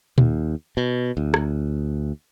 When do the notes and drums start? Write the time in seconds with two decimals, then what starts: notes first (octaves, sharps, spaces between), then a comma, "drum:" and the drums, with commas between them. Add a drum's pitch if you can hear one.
0.18 D#2, drum: tom A#2
0.77 B2
1.17 D2
1.34 drum: rim click